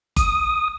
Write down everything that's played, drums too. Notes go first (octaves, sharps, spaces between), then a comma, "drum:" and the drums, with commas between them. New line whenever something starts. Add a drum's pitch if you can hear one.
D#6, drum: kick G1, hi-hat